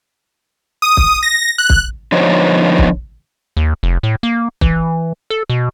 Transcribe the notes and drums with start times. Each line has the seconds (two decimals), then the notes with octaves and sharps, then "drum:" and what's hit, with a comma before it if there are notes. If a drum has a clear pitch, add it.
0.82 D#6
0.97 drum: kick
1.23 A#6
1.58 F#6
1.70 drum: kick
2.12 D3 F3 B3 D#4 C5 C#5
2.78 drum: kick
3.57 D#2
3.83 F1
4.03 A2
4.23 A#3
4.61 E3, drum: kick
5.30 A4
5.50 B2